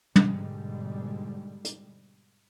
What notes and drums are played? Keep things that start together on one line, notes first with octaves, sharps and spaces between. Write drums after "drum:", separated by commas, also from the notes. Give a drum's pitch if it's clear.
G#2 B2 D3 G3 G#3, drum: tom
drum: hi-hat